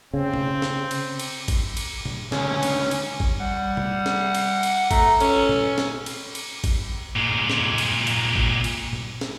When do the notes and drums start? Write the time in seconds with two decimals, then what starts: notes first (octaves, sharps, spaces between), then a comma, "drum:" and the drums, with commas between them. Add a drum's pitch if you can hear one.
0.14 C#3 C4
0.34 drum: tom B2
0.62 drum: snare
0.91 drum: cymbal
1.19 drum: cymbal
1.48 drum: kick G#1, cymbal
1.77 drum: cymbal
2.05 drum: tom A#2
2.32 C#2 D3 C#4, drum: snare
2.63 drum: cymbal
2.91 drum: cymbal
3.20 drum: kick G#1
3.40 G3 F#5
3.77 drum: tom B2
4.06 drum: snare
4.35 drum: cymbal
4.63 drum: cymbal
4.91 A3 A#5, drum: kick G#1, cymbal
5.20 C#4 A4, drum: cymbal
5.49 drum: tom A#2
5.78 drum: snare
6.06 drum: cymbal
6.35 drum: cymbal
6.64 drum: kick G#1, cymbal
7.16 A#2 G#3
7.50 drum: snare
7.78 drum: cymbal
8.07 drum: cymbal
8.35 drum: kick G#1
8.64 drum: cymbal
8.93 drum: tom A#2
9.21 drum: snare